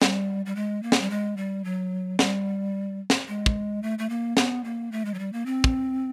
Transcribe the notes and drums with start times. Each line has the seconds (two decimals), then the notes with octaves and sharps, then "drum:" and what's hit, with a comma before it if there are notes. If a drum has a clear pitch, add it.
0.02 G3, drum: snare
0.46 G3
0.56 G#3
0.83 A#3
0.92 drum: snare
1.01 G3
1.10 G#3
1.37 G3
1.64 F#3
2.19 G3, drum: snare
3.10 drum: snare
3.28 G#3
3.46 drum: kick
3.83 A3
3.99 A3
4.09 A#3
4.37 B3, drum: snare
4.64 A#3
4.92 A3
5.05 G#3
5.14 F#3
5.19 G3
5.33 A#3
5.46 C4
5.64 drum: kick